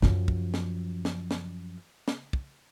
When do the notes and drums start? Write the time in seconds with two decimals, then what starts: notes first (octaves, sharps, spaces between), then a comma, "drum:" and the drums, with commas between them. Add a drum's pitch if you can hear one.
0.02 F#2 F3, drum: snare
0.28 drum: kick
0.54 drum: snare
1.05 drum: snare
1.31 drum: snare
2.08 drum: snare
2.33 drum: kick